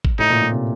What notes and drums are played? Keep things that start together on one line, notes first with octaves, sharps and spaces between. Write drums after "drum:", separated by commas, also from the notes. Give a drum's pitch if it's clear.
drum: kick G#1
A2 D#4
A#2
A2
C3